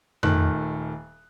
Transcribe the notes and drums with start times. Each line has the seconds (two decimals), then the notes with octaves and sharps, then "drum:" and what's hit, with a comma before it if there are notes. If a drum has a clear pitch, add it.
0.23 D#1 D#3 A3 F#6, drum: tom F2